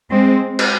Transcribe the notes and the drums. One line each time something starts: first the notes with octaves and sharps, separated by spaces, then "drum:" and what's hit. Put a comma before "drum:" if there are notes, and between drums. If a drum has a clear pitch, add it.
G#3 C4
drum: cymbal